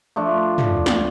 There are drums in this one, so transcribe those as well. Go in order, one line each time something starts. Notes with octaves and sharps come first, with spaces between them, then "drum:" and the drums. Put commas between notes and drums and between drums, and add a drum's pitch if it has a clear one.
F3 A3 D4
drum: tom
drum: snare